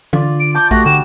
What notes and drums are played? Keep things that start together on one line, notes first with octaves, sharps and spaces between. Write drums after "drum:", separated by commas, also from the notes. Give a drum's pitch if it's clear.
D3 F4 D5, drum: tom
D7
A5 D6 G6
A3 F#4 G4 F#5 A#6, drum: kick A#1
D3 G3 E7